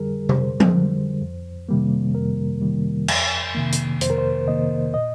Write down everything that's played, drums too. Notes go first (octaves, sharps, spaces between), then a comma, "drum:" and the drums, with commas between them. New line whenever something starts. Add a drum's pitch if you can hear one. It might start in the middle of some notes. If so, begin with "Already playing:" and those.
Already playing: F2 D3 G3 G#4 A#4
F2 C5, drum: tom C3
drum: tom F3
D3 G3
F2
C3 D#3 G3 A#3
F2 A#4
C3 D#3 G3 A#3
F2, drum: cymbal
C3 D#3 A#3
drum: hi-hat
F2 C5, drum: hi-hat
A#4
C5
C3 D#3 A#3 D#5
A#2 D#5